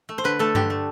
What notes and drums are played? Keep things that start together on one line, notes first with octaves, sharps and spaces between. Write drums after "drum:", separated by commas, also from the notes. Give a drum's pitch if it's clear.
A3
C5
D3 B4
A3 A4
D3 G4, drum: tom G2
A3